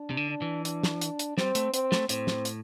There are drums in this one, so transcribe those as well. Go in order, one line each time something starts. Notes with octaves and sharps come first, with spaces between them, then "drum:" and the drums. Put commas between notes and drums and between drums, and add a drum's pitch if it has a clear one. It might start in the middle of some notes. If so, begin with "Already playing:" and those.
Already playing: D4
C3
D3
D4
E3
D4, drum: hi-hat
drum: snare
drum: hi-hat
drum: hi-hat
G3 C4, drum: snare
A3, drum: hi-hat
C4, drum: hi-hat
A3, drum: snare
A2 C4, drum: hi-hat
drum: snare
drum: hi-hat